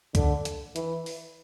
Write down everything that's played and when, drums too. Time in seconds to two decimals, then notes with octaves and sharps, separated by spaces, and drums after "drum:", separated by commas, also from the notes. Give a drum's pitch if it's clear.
0.15 D3, drum: kick C#2, hi-hat
0.45 drum: hi-hat
0.76 E3, drum: hi-hat
1.06 drum: open hi-hat